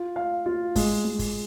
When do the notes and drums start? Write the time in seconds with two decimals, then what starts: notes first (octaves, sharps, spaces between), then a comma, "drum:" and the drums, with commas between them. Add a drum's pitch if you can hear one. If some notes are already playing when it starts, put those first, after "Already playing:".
Already playing: F4
0.16 F5
0.46 F4
0.76 G#3, drum: kick, open hi-hat
1.05 G#3
1.19 drum: kick, open hi-hat